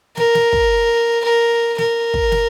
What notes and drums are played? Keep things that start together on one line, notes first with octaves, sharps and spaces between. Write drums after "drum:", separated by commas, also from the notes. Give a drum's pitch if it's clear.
A#4, drum: snare
drum: snare
drum: kick
A#4
A#4, drum: snare
drum: kick
drum: snare